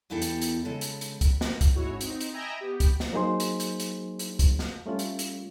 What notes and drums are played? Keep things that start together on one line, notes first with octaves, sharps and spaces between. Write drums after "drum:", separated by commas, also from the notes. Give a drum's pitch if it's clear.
E2 B2 E4 G4 A4 G5
drum: hi-hat
drum: hi-hat
C#3 G#3 A4
drum: hi-hat
drum: hi-hat
drum: kick, hi-hat
drum: snare
drum: kick, hi-hat
G#1 D2 G#3 E4 F#4 C#5
C4 D#4, drum: hi-hat
drum: hi-hat
D#5 E5 G5 G#5 A#5 B5
B3 G4
drum: kick, hi-hat
drum: snare
F#3 A#3 D#4 G#4 C5 C6
drum: hi-hat
drum: hi-hat
drum: hi-hat
drum: hi-hat
drum: kick, hi-hat
drum: snare
G3 A3 C#4 F4
drum: hi-hat
drum: hi-hat